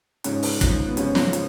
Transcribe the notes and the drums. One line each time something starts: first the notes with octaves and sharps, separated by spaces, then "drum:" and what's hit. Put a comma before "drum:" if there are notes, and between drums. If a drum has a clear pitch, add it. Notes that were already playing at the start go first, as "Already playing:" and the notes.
G#2 C#3 F3 C#4, drum: hi-hat
drum: open hi-hat
G#2 F3, drum: kick, hi-hat
B3
G#2 C#3 F3 C#4, drum: hi-hat
drum: snare
F3, drum: hi-hat